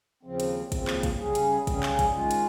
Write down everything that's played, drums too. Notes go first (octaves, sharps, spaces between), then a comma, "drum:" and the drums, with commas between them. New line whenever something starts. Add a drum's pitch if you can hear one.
D#2 C#3 F3 C4
drum: hi-hat
D#2 C#3 F3 C4, drum: kick, hi-hat
drum: clap
drum: kick, hi-hat
C#3 G3 C#4 G#4
drum: hi-hat
C#3 G3 C#4 G#4, drum: kick, hi-hat
drum: clap
drum: kick, hi-hat
D#3 G#3 C#4 F4
drum: hi-hat